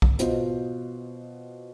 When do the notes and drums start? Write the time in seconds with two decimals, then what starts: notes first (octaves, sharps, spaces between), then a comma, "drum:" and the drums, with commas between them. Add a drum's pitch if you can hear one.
0.02 drum: kick
0.19 B2 B3 F4 C5 D#5, drum: hi-hat